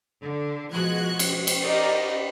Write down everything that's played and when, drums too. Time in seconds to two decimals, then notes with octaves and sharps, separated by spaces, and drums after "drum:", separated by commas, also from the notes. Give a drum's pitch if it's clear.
0.22 D3
0.72 B2 F3 G#3 F#4 F#6 G#6
1.19 drum: cymbal
1.47 drum: cymbal
1.62 D#4 G4 A#4 D5 D#5